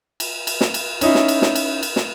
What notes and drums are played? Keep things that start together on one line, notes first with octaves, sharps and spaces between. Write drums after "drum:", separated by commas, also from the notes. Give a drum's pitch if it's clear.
drum: cymbal
drum: cymbal
drum: snare
drum: cymbal
C#4 D#4 E4, drum: cymbal
drum: snare
drum: cymbal
drum: snare
drum: cymbal
drum: cymbal
drum: snare